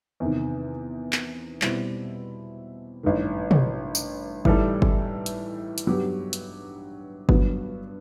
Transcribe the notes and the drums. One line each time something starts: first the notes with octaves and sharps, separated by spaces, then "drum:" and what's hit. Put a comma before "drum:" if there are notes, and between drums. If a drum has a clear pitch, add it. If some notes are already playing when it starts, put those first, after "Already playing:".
E2 C3 D#3
drum: clap
B2 G3 C4 E4, drum: clap
A1 G2 D#3
drum: tom
drum: tambourine
A2 E3 G3 D#4 A4, drum: kick G1
drum: kick G1
drum: hi-hat
drum: hi-hat
G2 F#3 B3 D#4 G4
drum: hi-hat
G2 F#3 B3 F#4, drum: kick G1